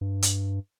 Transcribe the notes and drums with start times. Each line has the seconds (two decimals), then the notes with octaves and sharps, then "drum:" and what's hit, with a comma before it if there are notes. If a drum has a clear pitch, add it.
0.01 G2
0.22 drum: hi-hat